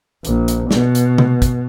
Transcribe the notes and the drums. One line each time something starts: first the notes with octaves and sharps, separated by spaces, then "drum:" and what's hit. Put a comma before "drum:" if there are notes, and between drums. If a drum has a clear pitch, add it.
A#1, drum: hi-hat
drum: hi-hat
B2, drum: snare
drum: hi-hat
drum: tom C3
drum: kick, hi-hat